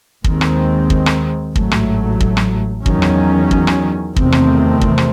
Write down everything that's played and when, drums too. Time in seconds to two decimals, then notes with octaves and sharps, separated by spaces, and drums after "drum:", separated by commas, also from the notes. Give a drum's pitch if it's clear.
0.24 D#2 D#3 G#3 C4, drum: kick
0.41 drum: rim click
0.90 drum: kick
1.06 drum: rim click
1.56 A1 G#2 F#3 A3, drum: kick
1.71 drum: rim click
2.20 drum: kick
2.37 drum: rim click
2.86 E2 D#3 F#3 C#4, drum: kick
3.02 drum: rim click
3.51 drum: kick
3.67 drum: rim click
4.16 E2 C3 D#3 A3 C4, drum: kick
4.32 drum: rim click
4.81 drum: kick
4.98 drum: rim click